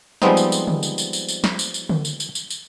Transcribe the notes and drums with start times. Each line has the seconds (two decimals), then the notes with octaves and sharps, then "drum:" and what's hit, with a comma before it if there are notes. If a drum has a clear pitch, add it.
0.22 F3 G3 G#3 B3 C4 D#4, drum: snare
0.37 drum: tambourine
0.52 drum: tambourine
0.67 drum: tom D3
0.83 drum: tambourine
0.98 drum: tambourine
1.13 drum: tambourine
1.28 drum: tambourine
1.44 drum: snare
1.59 drum: tambourine
1.74 drum: tambourine
1.89 drum: tom D3
2.05 drum: tambourine
2.20 drum: tambourine
2.35 drum: tambourine
2.50 drum: tambourine